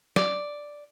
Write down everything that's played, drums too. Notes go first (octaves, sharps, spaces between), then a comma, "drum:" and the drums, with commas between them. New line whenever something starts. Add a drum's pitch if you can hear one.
D5, drum: snare